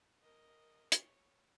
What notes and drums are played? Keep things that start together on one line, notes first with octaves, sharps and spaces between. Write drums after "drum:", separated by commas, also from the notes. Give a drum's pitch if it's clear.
A#4 D#5
C#5, drum: hi-hat